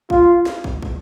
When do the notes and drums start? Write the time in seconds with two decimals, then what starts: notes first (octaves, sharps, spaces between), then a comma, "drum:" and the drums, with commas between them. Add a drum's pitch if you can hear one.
0.10 F4, drum: kick
0.46 drum: snare
0.64 drum: kick
0.82 drum: kick